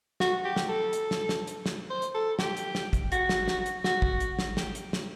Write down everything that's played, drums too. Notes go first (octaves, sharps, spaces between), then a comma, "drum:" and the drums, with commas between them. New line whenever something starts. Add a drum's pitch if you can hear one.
F#4, drum: snare
G4
drum: snare
A4
drum: hi-hat
drum: snare
drum: snare
drum: hi-hat
drum: snare
C5
drum: hi-hat
A4
G4, drum: snare
drum: hi-hat
drum: snare
drum: kick, hi-hat
F#4, drum: hi-hat
drum: snare
drum: snare
drum: hi-hat
F#4, drum: snare
drum: kick
drum: hi-hat
drum: snare
G4, drum: snare
drum: hi-hat
drum: snare